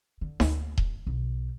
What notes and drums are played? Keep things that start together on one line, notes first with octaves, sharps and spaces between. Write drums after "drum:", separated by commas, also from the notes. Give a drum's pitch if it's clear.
D3
D2, drum: snare D#4
drum: kick D#1
B1